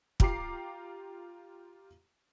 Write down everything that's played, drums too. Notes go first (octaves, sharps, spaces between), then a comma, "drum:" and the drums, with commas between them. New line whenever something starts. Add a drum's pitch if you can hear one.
F4 G4 A#5 D6 C7, drum: kick